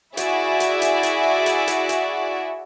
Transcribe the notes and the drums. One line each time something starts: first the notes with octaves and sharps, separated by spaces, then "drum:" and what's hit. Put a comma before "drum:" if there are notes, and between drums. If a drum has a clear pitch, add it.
E4 F#4 G#4 D5 E5, drum: hi-hat
drum: hi-hat
drum: hi-hat
drum: hi-hat
drum: hi-hat
drum: hi-hat
drum: hi-hat